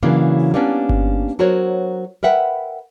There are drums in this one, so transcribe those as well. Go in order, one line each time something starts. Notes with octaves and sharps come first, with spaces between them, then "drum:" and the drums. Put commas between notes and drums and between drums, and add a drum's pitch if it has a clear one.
C#3 E3 F#3 A#3 D4
G3 A#3 B3 C#4 D4
drum: kick G1
F#3 F#4 A#4 C5 C#5
A#4 B4 E5 F#5 G5